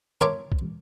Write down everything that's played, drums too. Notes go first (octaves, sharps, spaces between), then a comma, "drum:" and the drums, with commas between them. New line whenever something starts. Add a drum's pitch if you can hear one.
A#4 C#5 E5 A5 C6 D6, drum: tom
drum: kick